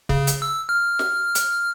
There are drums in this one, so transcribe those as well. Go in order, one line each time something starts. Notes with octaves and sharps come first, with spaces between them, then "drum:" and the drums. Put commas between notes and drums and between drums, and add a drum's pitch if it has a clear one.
C#3, drum: kick C#1
drum: hi-hat
E6
F6
drum: snare
drum: hi-hat